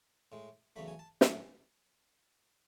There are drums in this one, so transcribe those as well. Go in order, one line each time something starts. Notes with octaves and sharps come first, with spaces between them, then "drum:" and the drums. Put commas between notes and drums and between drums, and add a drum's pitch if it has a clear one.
A2 G#3
E2 C#3 F#3 A3 B5
G#5
A5
A2 F#3 A3 G#5, drum: snare